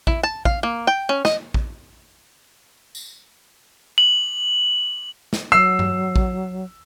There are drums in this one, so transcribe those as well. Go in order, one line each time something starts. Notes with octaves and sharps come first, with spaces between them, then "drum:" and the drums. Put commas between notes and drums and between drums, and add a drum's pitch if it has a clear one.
E4, drum: kick A1
A5
F5, drum: kick A1
A#3
G5
C#4
D#5, drum: snare
drum: kick A1
drum: tambourine
F#7
drum: snare
F#3 E6 C7
drum: tom G2
drum: kick A1